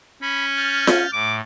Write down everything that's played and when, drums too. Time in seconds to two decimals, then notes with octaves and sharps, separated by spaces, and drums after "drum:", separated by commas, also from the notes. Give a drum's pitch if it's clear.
0.22 C#4 B5
0.57 F6 G6 A6
0.87 drum: snare F4
1.13 A2 D6